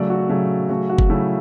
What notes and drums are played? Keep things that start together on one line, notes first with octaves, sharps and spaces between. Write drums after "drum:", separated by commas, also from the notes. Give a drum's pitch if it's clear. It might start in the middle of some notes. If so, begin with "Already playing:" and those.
Already playing: C#3 F#3 A3 D5
F#4
C#3 F#3 A3
C#3 F#3 A3 F#4
F#4
drum: kick F#1
C#3 F#3 A3 E4